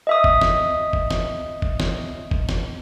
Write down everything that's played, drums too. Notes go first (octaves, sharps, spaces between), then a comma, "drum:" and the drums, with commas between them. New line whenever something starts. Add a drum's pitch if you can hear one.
D#5 E5 D#6
drum: kick
drum: snare
drum: kick
drum: snare
drum: kick
drum: snare
drum: kick
drum: snare